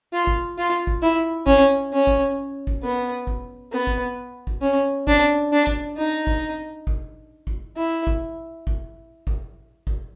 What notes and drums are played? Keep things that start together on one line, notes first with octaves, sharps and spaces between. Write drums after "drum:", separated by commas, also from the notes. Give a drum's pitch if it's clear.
F4
drum: kick
F4
drum: kick
E4
C#4, drum: kick
C#4
drum: kick
drum: kick
B3
drum: kick
B3
drum: kick
drum: kick
C#4
D4, drum: kick
D4
drum: kick
D#4
drum: kick
drum: kick
drum: kick
E4
drum: kick
drum: kick
drum: kick
drum: kick